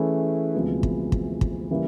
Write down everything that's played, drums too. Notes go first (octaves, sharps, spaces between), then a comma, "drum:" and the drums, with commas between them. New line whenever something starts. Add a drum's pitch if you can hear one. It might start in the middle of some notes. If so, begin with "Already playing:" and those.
Already playing: E3 A3 C#4 E4 G#4
D2 C3 F3 G#3 B3
drum: kick
drum: kick
drum: kick
C#3 E3 G3 A#3